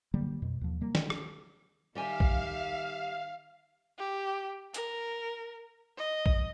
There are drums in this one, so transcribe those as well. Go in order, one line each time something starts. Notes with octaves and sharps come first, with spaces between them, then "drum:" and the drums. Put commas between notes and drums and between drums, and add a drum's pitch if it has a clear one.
D3 F#3 G3 A#3
F2 B2
D#2 F3
C3 G3 A#3
D#3, drum: snare
drum: rim click
D#3 G3 G4 E5 F5 G#5
drum: kick
G4
A#4, drum: hi-hat
D#5
drum: kick